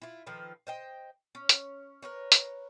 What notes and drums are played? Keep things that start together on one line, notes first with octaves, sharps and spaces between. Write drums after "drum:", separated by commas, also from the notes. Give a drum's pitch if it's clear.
E4 F4
D#3 F3 A4 B4
C5 D#5 G5
C#4
drum: hi-hat
A#4 B4 C#5
drum: hi-hat